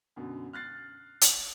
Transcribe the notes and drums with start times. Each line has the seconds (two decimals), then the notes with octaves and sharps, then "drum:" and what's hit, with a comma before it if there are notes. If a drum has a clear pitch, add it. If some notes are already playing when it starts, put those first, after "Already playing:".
0.16 F#2 B2 D3
0.53 F6 F#6 A6 C7
1.21 drum: hi-hat